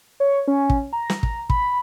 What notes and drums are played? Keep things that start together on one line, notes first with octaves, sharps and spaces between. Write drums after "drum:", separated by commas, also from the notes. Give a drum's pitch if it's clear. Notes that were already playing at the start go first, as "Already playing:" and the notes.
C#5
C#4
drum: kick
A#5
drum: snare
drum: kick
B5, drum: kick